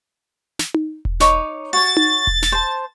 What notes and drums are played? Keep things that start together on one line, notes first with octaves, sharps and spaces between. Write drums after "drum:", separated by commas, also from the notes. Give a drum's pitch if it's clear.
drum: snare
drum: tom D#4
drum: kick E1
D#4 C#5 D6, drum: snare
F#4 C#5 A6
drum: tom D#4
drum: kick E1
drum: snare
C5 A5